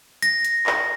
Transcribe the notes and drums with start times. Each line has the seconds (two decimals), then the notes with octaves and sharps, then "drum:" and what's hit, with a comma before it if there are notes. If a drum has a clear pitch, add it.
0.22 A#6, drum: hi-hat
0.45 drum: hi-hat
0.67 drum: clap